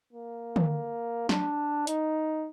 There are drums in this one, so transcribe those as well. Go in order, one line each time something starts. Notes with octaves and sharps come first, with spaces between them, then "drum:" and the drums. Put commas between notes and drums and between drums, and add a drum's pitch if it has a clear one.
A#3
drum: tom D3
D4, drum: snare
D#4, drum: hi-hat